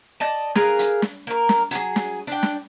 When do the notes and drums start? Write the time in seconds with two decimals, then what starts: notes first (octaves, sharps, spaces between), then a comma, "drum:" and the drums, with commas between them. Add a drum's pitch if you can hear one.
0.20 D5 D#5 A5
0.55 G#4 A#4 B4 F5, drum: snare
0.79 drum: hi-hat
1.02 drum: snare
1.27 A#3 A#4
1.49 drum: snare
1.71 F#3 G#4, drum: hi-hat
1.96 drum: snare
2.27 D4 G5
2.43 drum: snare